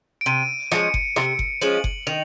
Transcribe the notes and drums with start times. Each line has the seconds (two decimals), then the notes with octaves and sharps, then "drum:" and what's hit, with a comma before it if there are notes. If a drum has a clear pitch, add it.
0.21 D7
0.26 C3 D#7
0.72 F3 G#3 C#4 C#7, drum: rim click
0.94 drum: kick F#1
1.16 C3 C#7, drum: rim click
1.39 drum: kick F#1
1.62 F3 G#3 C#4 F#7
1.84 drum: kick F#1
2.07 D#3 F7